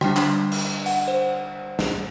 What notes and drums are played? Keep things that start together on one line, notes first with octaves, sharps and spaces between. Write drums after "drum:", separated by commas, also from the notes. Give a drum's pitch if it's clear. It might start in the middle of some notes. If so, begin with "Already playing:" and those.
D3 G3 D4 G5, drum: rim click
drum: clap
drum: cymbal
F#5, drum: hi-hat
C5
drum: snare